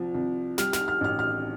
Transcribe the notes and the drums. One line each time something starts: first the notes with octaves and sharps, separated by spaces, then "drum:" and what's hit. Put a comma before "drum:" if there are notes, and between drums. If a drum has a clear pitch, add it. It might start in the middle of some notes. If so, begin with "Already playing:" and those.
Already playing: C2 F3
C2
G3 F6, drum: snare
F6, drum: snare
F6
A1 F6
F6